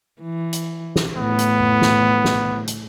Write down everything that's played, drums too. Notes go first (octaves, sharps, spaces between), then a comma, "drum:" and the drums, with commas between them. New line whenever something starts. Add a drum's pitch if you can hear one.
E3
drum: hi-hat
drum: snare
A2 B3
drum: hi-hat
drum: tom F2
drum: snare
drum: snare
drum: hi-hat